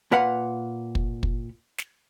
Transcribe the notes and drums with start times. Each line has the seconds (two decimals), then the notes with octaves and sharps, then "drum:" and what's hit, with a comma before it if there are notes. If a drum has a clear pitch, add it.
0.12 A#2 B4 F5 F#5
0.95 drum: kick
1.23 drum: kick
1.78 drum: snare